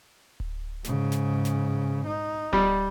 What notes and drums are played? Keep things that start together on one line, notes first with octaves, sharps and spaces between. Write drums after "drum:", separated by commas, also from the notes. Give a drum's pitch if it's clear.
drum: kick D1
G#2 C#3, drum: snare
drum: snare
drum: snare
D#4
G3, drum: kick D1